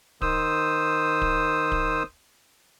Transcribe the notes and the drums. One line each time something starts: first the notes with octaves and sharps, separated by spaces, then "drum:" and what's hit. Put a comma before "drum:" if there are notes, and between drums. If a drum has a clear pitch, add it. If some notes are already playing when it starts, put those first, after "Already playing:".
D#3 C5 D#6 E6, drum: kick D1
drum: kick D1
drum: kick D1